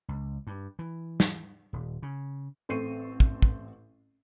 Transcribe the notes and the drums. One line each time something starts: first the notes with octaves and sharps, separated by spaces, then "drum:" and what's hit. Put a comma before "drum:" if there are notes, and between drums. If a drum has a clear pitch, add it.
C#2
G2
E3
drum: snare
D#1
C#3
A1 C4 A4 C#6 C7 D#7
drum: kick
drum: kick